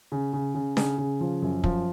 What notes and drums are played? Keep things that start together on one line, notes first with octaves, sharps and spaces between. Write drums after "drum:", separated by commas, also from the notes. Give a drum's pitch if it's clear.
C#3
C#3
C#3
C#3, drum: snare D4
C#3
F3
F#2
F3, drum: kick